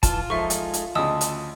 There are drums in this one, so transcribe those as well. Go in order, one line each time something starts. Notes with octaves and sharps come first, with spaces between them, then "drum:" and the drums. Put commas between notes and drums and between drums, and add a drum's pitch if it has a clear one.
E3 F4 A5, drum: kick, hi-hat
F3 G#3 D#4 A4 E5 C#6
drum: hi-hat
drum: hi-hat
D2 C#3 D#5 A5 D#6 E6
drum: hi-hat